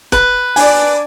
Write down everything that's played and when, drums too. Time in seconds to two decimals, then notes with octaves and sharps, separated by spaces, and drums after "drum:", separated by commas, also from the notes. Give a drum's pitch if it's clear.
0.12 B4, drum: kick, hi-hat
0.56 D4 D5 G#5, drum: open hi-hat